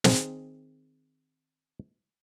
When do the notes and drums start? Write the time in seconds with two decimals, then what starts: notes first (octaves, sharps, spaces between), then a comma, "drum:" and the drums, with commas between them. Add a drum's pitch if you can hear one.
0.04 D#3 C4 G#4 A#4, drum: snare